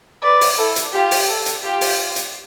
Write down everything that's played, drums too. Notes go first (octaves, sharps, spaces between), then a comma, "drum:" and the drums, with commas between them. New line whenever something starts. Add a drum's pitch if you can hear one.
B4 D5
drum: open hi-hat
E4 A4
drum: hi-hat
F4 G4
drum: open hi-hat
A4
drum: hi-hat
F4 G4
drum: open hi-hat
drum: hi-hat